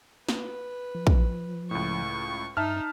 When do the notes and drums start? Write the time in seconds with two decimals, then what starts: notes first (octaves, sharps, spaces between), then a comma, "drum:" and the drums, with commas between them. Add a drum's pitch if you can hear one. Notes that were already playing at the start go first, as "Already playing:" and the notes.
0.29 B4, drum: snare
0.95 F3
1.07 drum: kick
1.71 C#2 A2 C#6
2.57 G2 D#4 E5 A5 F6